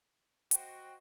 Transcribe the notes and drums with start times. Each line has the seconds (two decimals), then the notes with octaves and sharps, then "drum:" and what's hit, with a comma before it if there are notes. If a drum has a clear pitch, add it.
0.51 F#4 C5 D#5 G5, drum: hi-hat